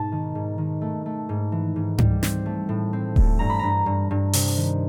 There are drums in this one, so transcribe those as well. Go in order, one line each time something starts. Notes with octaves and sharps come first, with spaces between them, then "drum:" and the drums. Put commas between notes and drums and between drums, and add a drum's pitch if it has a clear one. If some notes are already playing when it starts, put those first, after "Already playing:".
Already playing: G#2 B2 A5
D#3
G#2
D#3
A3
A3
G#2
E3
G#2
G3, drum: tom G#2
C4, drum: snare
A3
A2
C4
A3, drum: kick D#1
G2 A#5
B5
G2 A#5
G2
G2
C3, drum: open hi-hat
D#3